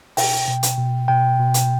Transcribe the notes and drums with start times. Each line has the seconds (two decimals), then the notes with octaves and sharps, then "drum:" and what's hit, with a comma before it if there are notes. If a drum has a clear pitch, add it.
0.17 B2 G5, drum: open hi-hat
0.48 B2
0.63 drum: hi-hat
0.78 B2
1.08 B2 G5
1.39 B2
1.54 drum: hi-hat